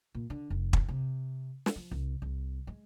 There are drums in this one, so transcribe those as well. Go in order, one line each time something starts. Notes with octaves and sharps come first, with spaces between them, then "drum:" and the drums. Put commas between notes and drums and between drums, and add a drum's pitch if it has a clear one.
A#2
D3
F1
drum: kick
C3
drum: snare
F3
C2
C2
G#3